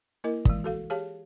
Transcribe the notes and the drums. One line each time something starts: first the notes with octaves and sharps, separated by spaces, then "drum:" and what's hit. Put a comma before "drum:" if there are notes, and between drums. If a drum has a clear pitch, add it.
A#3 E4 A#4 D#5
E3 G#3, drum: kick
F#4 A4 F5
G4 G#4 C#5 F5 A5